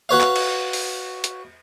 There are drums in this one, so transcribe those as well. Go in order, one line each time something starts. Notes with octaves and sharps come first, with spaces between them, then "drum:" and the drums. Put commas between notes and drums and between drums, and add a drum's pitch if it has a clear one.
F#4 B4 C#5 F5
drum: clap
drum: cymbal
drum: open hi-hat
drum: hi-hat